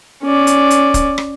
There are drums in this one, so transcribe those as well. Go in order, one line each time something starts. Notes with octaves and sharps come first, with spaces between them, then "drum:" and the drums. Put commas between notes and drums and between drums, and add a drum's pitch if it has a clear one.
C#4 D5
drum: hi-hat
drum: hi-hat
drum: kick, hi-hat
drum: rim click